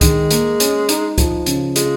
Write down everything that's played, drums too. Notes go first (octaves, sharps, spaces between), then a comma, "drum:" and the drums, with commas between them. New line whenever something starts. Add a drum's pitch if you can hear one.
D#3 G#3, drum: kick C#2, hi-hat
A#3, drum: hi-hat
C#4, drum: hi-hat
D#4, drum: hi-hat
F3, drum: kick C#2, hi-hat
C#3, drum: hi-hat
G#3 F4, drum: hi-hat